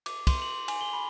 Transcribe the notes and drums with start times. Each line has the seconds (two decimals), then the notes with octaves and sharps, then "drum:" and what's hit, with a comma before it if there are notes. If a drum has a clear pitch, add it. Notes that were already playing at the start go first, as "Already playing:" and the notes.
0.06 D6, drum: cymbal
0.27 C6, drum: kick, cymbal
0.42 F#7
0.68 G#5, drum: cymbal
0.81 G7
0.93 B5